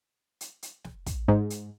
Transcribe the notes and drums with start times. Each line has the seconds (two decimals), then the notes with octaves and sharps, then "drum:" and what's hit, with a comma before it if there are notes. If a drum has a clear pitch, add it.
0.41 drum: hi-hat
0.63 drum: hi-hat
0.84 drum: snare
1.06 drum: kick, hi-hat
1.28 G#2
1.50 drum: hi-hat